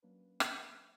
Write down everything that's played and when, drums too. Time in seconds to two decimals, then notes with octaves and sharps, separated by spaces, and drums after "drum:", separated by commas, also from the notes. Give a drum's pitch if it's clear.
0.02 F#3 A#3 C#4 D4 B4
0.40 drum: rim click